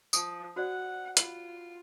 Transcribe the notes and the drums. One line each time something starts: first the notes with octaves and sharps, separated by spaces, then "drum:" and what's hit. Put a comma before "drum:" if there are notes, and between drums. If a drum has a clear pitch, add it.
F3 D#6, drum: tambourine
F#4 C5 D5 F#5
F4 B5, drum: hi-hat